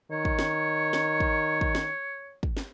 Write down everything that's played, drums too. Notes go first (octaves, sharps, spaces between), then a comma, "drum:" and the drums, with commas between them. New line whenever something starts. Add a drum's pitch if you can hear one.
D#3 C#5
drum: kick
drum: snare
drum: snare
drum: kick
drum: kick
drum: snare
drum: kick
drum: snare